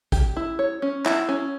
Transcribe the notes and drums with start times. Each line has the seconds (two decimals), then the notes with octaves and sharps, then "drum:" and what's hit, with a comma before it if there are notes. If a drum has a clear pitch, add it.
0.12 G4, drum: kick, hi-hat
0.36 E4
0.59 C#5
0.82 C#4
1.06 E4, drum: clap
1.29 C#4